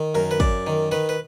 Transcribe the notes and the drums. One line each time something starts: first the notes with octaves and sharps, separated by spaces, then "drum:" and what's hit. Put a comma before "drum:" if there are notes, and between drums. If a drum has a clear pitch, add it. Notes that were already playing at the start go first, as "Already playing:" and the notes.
Already playing: D#3
F#2 A#4
B4
F#2 D5, drum: kick
D#3
D#3 B4
B4